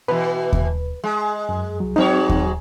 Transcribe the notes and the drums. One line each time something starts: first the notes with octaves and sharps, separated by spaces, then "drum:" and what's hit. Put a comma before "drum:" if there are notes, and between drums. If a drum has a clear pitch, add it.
B2 E3 B4
drum: kick D#2
G#3
F#2
C2 F#3
G#2 F#3 C4 D#4 C#5
drum: kick D#2